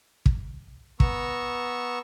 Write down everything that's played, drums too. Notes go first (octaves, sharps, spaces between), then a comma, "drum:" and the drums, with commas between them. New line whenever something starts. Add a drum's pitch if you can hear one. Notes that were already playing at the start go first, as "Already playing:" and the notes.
drum: kick
B3 A#5 C#6 E6, drum: kick